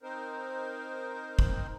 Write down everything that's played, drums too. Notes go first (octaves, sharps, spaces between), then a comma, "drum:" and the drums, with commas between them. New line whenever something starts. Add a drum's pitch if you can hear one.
C4 D#4 A#4 C5
drum: kick